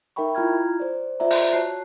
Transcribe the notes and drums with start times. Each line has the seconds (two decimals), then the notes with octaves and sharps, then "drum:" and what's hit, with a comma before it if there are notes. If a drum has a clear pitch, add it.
0.16 D#4 A#4 E5 G5 B5 C#6
0.35 E4 F4 A#5 F6 G#6
0.80 C5 D5
1.20 F4 C5 D5 E5 F#5 A#5
1.31 drum: open hi-hat
1.53 F#4 C#5 A5 F#6 C7